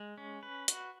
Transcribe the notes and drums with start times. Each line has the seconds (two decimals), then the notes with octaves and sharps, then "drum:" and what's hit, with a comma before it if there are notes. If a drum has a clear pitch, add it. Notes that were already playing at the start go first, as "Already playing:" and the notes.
Already playing: G#3
0.18 C#4
0.43 B4
0.68 F#4, drum: hi-hat